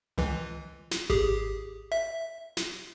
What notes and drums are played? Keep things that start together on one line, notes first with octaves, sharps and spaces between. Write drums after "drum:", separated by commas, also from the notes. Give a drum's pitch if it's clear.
C#2 E3
drum: snare
G4 G#4, drum: kick G#1
E5
drum: snare